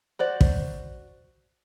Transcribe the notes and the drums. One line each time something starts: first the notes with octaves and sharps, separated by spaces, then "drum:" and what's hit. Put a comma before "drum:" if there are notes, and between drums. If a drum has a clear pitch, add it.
F#4 C5 D5
drum: kick